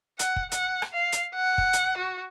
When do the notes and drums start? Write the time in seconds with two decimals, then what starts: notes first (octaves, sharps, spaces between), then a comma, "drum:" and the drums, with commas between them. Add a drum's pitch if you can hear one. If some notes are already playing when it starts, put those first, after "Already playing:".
0.19 F#5, drum: hi-hat
0.36 drum: kick
0.52 F#5, drum: hi-hat
0.82 drum: rim click
0.93 F5
1.12 drum: hi-hat
1.35 F#5
1.58 drum: kick
1.73 drum: hi-hat
1.98 F#4